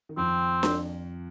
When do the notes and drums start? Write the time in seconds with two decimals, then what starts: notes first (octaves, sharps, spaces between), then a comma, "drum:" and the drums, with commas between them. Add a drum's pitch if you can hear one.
0.09 D#3
0.17 F2 F3 C4
0.63 drum: snare D4